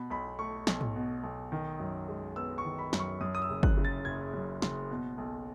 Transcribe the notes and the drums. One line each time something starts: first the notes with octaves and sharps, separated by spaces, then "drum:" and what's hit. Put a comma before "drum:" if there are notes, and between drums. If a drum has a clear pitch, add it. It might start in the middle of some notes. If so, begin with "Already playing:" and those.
Already playing: B2 B5
B1 B5
A3 C#6
B1, drum: snare
drum: tom G#2
B2
B1
D#3
F#2
G#3
B3 E6
C#6
D#3
B5
F#2, drum: snare
C#6
F#2 D#6
D#6
E6
F#1
F#6, drum: kick
C#3
A6
F#1 G#6
F#2
F#1, drum: snare
B2
B1